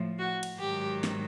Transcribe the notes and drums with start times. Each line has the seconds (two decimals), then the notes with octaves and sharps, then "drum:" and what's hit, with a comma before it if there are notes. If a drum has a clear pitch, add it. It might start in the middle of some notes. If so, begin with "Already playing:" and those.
Already playing: A2 F3
0.18 F#4
0.43 drum: cymbal
0.59 G#2 D#3 F#3 G4
1.04 drum: snare